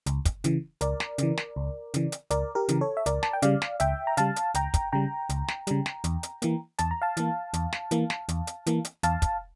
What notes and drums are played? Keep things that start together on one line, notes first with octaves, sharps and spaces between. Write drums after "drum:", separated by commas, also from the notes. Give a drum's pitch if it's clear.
C#2, drum: hi-hat
drum: kick, hi-hat
C#3 E3, drum: hi-hat
C#2 A#4 D5, drum: hi-hat
drum: snare
C#3 E3, drum: hi-hat
drum: snare
C#2
C#3 E3, drum: hi-hat
drum: hi-hat
C#2 A#4 D5, drum: hi-hat
G4 A#4
C#3 E3, drum: hi-hat
A4 C#5
E5
C#2 A#4 D5, drum: hi-hat
A5, drum: snare
G5
C#3 G3 D5 F5, drum: hi-hat
drum: snare
C#2 E5 G5, drum: hi-hat
A#5
C#3 G3 F5 A5, drum: hi-hat
drum: hi-hat
C#2 G5 A#5, drum: hi-hat
drum: kick, hi-hat
C#3 G3 G5 A#5
C#2, drum: hi-hat
drum: snare
C#3 G3, drum: hi-hat
drum: snare
E2, drum: hi-hat
drum: hi-hat
E3 A#3, drum: hi-hat
E2 A5, drum: hi-hat
A#5
F5 A5
E3 A#3, drum: hi-hat
E2, drum: hi-hat
drum: snare
E3 A#3, drum: hi-hat
drum: snare
E2, drum: hi-hat
drum: hi-hat
E3 A#3, drum: hi-hat
drum: hi-hat
E2 F5 A5, drum: hi-hat
drum: kick, hi-hat